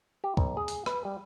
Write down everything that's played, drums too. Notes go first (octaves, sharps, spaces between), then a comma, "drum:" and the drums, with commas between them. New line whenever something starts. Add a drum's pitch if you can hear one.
G4
B1, drum: kick D2
G#4
drum: open hi-hat
B4, drum: rim click
G3